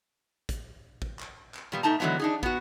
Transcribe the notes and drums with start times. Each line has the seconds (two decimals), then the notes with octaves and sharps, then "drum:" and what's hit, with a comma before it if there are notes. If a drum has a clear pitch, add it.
0.49 drum: kick, hi-hat
1.02 drum: kick
1.19 drum: clap
1.54 drum: clap
1.72 A#2 G3 B3
1.83 B2 A3 D#4 A5 A#5
2.00 D3 E3 F#3 G#3 B3
2.20 D4 D#4 G#4
2.43 B3 F#4, drum: kick